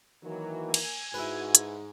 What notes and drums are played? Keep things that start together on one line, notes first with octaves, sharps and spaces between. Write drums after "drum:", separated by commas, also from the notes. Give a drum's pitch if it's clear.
D#3 E3 F#3 A#3
G#5, drum: cymbal
G#2 E4 F#4 B4
drum: hi-hat